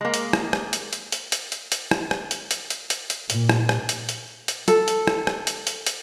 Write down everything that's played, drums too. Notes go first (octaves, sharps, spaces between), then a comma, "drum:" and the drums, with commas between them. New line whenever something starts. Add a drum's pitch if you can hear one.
G#3 A#3
drum: hi-hat
drum: rim click
drum: rim click
drum: hi-hat
drum: hi-hat
drum: hi-hat
drum: hi-hat
drum: hi-hat
drum: hi-hat
drum: rim click
drum: rim click
drum: hi-hat
drum: hi-hat
drum: hi-hat
drum: hi-hat
drum: hi-hat
A#2, drum: hi-hat
drum: rim click
drum: rim click
drum: hi-hat
drum: hi-hat
drum: hi-hat
A4, drum: hi-hat
drum: hi-hat
drum: rim click
drum: rim click
drum: hi-hat
drum: hi-hat
drum: hi-hat